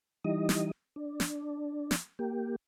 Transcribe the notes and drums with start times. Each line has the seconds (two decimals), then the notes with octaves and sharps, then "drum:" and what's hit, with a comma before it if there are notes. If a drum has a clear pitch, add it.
0.24 E3 G3 D#4 D#5
0.49 drum: snare
0.96 D4
1.20 drum: snare
1.91 drum: snare
2.19 A#3 G4